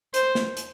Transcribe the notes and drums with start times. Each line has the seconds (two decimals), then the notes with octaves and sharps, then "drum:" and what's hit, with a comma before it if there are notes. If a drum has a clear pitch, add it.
0.14 C5, drum: hi-hat
0.35 drum: snare
0.57 drum: hi-hat